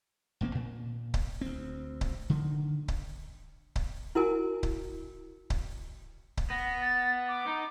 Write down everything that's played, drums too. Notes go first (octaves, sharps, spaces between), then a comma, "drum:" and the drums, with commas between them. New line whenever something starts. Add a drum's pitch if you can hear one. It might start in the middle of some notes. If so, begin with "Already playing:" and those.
E1 A#1 A#3 C4
A#2
drum: kick C#1
D2 C4
drum: kick C#1
D3 D#3
drum: kick C#1
drum: kick C#1
E4 F#4 A#4 G#5
drum: kick C#1
drum: kick C#1
drum: kick C#1
B3 A#6
A6
D6
D#4